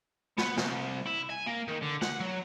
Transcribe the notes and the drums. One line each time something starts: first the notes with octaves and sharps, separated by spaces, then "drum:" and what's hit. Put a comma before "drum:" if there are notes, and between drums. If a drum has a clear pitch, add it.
B3, drum: snare
C2, drum: snare
E4
G#5
A#3
D#3
D3
F#5, drum: snare
F#3